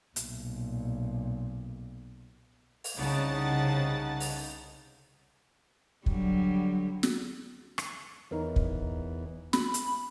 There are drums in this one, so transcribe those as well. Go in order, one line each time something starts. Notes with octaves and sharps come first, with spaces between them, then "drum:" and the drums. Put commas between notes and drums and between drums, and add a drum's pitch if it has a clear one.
B1 A#2, drum: hi-hat
drum: open hi-hat
C2 C#3 D#4 F#5 A5 A6
drum: open hi-hat
D3 F#3 G3, drum: kick
drum: snare
drum: rim click
E2 D#4 A#4 C#5
drum: kick
B5, drum: snare
drum: hi-hat